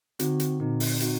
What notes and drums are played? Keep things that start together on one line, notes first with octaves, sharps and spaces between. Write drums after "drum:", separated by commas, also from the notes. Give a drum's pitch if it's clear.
D3 C4 D#4 F#4, drum: hi-hat
drum: hi-hat
A#2 C4 D#4 F#4
drum: open hi-hat
C4 D#4 F#4, drum: hi-hat